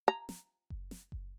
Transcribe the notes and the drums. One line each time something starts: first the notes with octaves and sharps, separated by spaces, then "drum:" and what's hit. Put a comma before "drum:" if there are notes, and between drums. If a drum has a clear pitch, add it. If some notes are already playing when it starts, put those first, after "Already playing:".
A#5
drum: snare
drum: kick F#1
drum: snare
drum: kick F#1